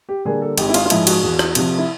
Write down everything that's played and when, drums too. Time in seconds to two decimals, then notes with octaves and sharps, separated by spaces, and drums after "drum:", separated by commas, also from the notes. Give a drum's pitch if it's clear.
0.09 G4
0.25 D3 G3 A#3 G#4
0.42 A4
0.58 G#1 G4, drum: cymbal
0.69 E4
0.74 F4, drum: cymbal
0.86 F4
0.90 G#2 F3 G#3 E4, drum: cymbal
1.07 F#4, drum: cymbal
1.23 E2
1.39 drum: rim click
1.55 C3 F3, drum: cymbal
1.78 E4